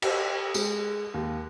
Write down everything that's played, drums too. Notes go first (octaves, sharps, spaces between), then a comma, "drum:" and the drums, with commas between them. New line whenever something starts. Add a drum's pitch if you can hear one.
G4, drum: cymbal
G#3, drum: tambourine
D#2